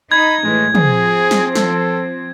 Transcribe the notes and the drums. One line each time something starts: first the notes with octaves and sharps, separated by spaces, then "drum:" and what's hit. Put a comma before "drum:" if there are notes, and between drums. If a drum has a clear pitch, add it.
D#4 B5 G#6
A2 E3 G#3
F3 C4 G#4, drum: tom
drum: snare
A4, drum: snare